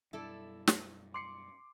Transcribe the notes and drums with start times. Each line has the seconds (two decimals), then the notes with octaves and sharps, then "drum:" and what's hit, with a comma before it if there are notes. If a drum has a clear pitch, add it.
0.13 F#2 B2 G3 E4 A4 D5
0.67 drum: snare
1.14 C6 D6 C7 C#7